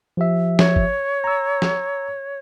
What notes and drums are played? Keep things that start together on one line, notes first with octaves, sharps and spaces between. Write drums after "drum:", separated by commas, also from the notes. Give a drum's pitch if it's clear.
F3 G4 E5
C#5, drum: snare
drum: kick
A#5 E6
drum: snare